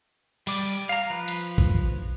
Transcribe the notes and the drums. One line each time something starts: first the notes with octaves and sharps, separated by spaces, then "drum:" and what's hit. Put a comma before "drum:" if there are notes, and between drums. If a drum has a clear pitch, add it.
G3 D5, drum: cymbal
F5 A#5
F3 B4
drum: cymbal
drum: kick